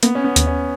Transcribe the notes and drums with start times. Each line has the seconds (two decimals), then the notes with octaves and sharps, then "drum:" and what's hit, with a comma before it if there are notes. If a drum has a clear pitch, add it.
0.03 A#3 B3, drum: hi-hat
0.15 C#4
0.24 B3
0.36 D#2, drum: hi-hat
0.47 C#4